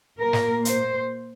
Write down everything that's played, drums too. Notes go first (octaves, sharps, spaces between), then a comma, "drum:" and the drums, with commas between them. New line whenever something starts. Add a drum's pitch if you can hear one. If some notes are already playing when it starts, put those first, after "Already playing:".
A#2 A#3 A#4
drum: snare
C5, drum: hi-hat